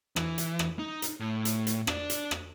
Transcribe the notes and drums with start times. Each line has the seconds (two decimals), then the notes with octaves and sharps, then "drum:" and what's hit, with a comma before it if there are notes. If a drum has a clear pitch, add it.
0.16 E3, drum: rim click
0.38 drum: hi-hat
0.59 drum: rim click
0.79 D#4
1.02 drum: hi-hat
1.20 A2
1.45 drum: hi-hat
1.67 drum: hi-hat
1.87 D4 D5, drum: rim click
2.10 drum: hi-hat
2.31 drum: rim click